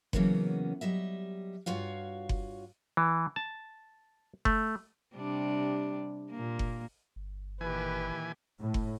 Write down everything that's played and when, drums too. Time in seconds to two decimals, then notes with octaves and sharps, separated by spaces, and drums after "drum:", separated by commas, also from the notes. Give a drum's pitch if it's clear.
0.13 C#3 E3 F#3 A#3 B3 C#4, drum: kick F#1
0.81 F#3 G3 D#5 E5
1.66 G2 F4 F#4 C#5 F5
2.29 drum: kick F#1
2.97 E3
3.36 A5
4.45 A3, drum: kick F#1
5.16 C3 G3 D4
6.31 A#2 A#3
6.59 drum: kick F#1
7.16 G1
7.61 A#2 D#3 E3 G4 B4 G#5
8.60 A2
8.74 drum: kick F#1